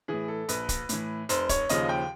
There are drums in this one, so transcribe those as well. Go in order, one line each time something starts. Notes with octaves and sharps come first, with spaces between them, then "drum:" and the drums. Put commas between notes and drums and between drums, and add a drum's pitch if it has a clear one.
A2 E3 G#4
A4
A#1 B4, drum: hi-hat
drum: kick, hi-hat
A2 E3, drum: hi-hat
F1 C5, drum: hi-hat
C#5, drum: kick, hi-hat
D#2 C#3 F3 D#5, drum: hi-hat
G5